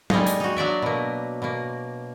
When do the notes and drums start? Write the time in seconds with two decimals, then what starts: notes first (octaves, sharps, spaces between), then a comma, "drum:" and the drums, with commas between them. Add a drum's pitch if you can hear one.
0.10 G3 G#3 A#3 D#4 F4, drum: tom F#3
0.27 drum: hi-hat
0.40 D#4 F#4
0.57 F#3 D4 D5 E5
0.82 B2 A#3
1.42 B2 A#3